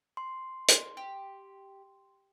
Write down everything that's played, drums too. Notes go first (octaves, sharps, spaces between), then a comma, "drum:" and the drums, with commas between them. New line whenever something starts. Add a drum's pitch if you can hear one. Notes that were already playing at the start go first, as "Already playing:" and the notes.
C6
drum: hi-hat
G4